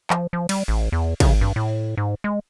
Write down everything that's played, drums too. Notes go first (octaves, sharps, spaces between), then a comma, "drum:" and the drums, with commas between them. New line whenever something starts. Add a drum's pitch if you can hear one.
F3, drum: clap
F3
G3, drum: cymbal
A1
E2
C#3, drum: kick G#1, cymbal
G2
A2
G#2
G#3